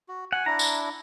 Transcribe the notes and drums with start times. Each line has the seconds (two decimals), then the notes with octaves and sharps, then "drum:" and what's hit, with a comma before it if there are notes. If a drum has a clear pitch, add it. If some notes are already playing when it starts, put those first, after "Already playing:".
0.09 F#4
0.33 F#5 G#5
0.46 D4 E4 A#5
0.59 drum: tambourine